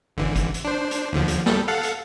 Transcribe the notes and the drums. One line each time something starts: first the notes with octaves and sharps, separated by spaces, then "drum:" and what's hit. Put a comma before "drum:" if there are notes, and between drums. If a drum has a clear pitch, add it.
G#1 D3 E3
drum: kick, hi-hat
drum: hi-hat
D4 C5
drum: hi-hat
D#2 D3 F3
drum: hi-hat
G3 A4, drum: snare
A4 F5 F#5
drum: hi-hat